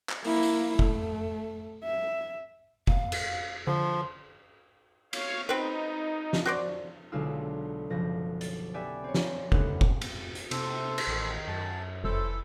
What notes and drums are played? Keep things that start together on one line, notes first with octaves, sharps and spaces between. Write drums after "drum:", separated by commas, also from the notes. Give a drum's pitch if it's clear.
drum: clap
A#3 E4, drum: open hi-hat
drum: tambourine
A3, drum: kick F1
E5
F5, drum: kick F1
drum: cymbal
D3 F3 C6
C#5 F5, drum: cymbal
C4 D#4 B4
drum: snare
F#4 C5 D5
B1 D3 G#3 D#4 F4 E6
F#1 B1 F3 A#6
A6, drum: hi-hat
B3 G4 D5 E5 G5 G#5
C4 C#5
drum: snare
D2 C#3 B3 D#4 D#5 F#5, drum: kick F1
drum: kick F1
drum: cymbal
drum: hi-hat
C3 A4 C5, drum: cymbal
drum: cymbal
A1 D#3
F#2 A5
F1 E3 A4 C5